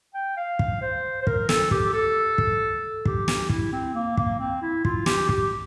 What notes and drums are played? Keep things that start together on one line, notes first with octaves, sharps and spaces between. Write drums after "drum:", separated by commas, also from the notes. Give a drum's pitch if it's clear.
G5
F5
drum: kick
C5
C5
A#4, drum: kick
A4, drum: snare
G4, drum: kick
A4
drum: kick
G4, drum: kick
drum: snare
E4, drum: kick
C4
A#3
A#3, drum: kick
C4
E4
F4, drum: kick
G4, drum: snare
G4, drum: kick